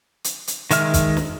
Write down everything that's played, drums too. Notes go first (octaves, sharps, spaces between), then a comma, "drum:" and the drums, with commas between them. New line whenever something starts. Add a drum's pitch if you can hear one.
drum: hi-hat
drum: hi-hat
D#3 G#3 E5 F6, drum: hi-hat
drum: kick, hi-hat
drum: snare